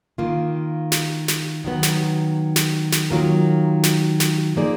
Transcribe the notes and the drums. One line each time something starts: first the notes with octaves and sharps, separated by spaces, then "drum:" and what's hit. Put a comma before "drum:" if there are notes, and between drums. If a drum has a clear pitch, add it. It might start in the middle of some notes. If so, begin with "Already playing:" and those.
D#3 A#3 F4
drum: snare
drum: snare
D#3 F#3 B3
drum: snare
drum: snare
drum: snare
D#3 F#3 A#3 F4 A#4
drum: snare
drum: snare
F3 A#3 D#4 G#4 D5